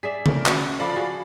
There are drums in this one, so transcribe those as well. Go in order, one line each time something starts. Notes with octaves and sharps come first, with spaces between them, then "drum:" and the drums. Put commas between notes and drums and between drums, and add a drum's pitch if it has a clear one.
G#4 D5 E5 B6
A3 A#4, drum: tom C#3
C#4 F#4, drum: clap
F3 A4 D5 F5 B5
F#4 G#4